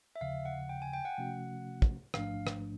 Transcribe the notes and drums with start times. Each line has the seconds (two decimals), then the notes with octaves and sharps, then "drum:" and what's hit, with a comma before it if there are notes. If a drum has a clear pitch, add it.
0.16 E5
0.21 D#2 C#3 F3 F5
0.45 F#5
0.69 G5
0.82 G#5
0.93 G5
1.05 F#5
1.18 C3 F3 A3 C#4 F#4
1.82 drum: kick
2.14 A1 G#2 F3 A3 D4 F5, drum: rim click
2.47 drum: rim click